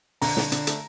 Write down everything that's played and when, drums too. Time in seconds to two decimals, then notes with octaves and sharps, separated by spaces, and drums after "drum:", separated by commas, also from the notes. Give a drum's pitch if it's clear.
0.22 D3 A#5, drum: open hi-hat
0.37 D3, drum: snare
0.52 D3, drum: hi-hat
0.67 A3, drum: hi-hat